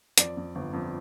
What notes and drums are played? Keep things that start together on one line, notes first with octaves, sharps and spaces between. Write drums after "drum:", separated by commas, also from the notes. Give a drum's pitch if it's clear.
F2 D5, drum: hi-hat
F2
G1
F2